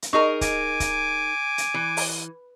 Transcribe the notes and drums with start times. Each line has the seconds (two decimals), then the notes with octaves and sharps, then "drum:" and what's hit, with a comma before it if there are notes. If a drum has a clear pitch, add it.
0.02 drum: hi-hat
0.13 D#4 G#4 A#4 D#5 C#6
0.41 G#5 D6, drum: kick C#1, hi-hat
0.80 drum: kick C#1, hi-hat
1.58 drum: hi-hat
1.74 E3
1.97 drum: open hi-hat